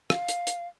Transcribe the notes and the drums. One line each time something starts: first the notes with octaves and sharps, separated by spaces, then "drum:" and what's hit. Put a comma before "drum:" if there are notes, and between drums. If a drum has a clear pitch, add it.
F5, drum: rim click
drum: hi-hat
drum: hi-hat